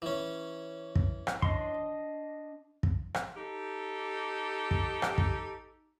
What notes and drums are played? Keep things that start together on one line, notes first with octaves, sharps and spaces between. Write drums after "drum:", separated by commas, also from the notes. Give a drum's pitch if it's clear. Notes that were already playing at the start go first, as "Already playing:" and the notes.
E3 C#4
drum: kick
drum: rim click
D4 D#5 C6, drum: kick
drum: kick
drum: rim click
D#4 G4 A4
drum: kick
drum: rim click
drum: kick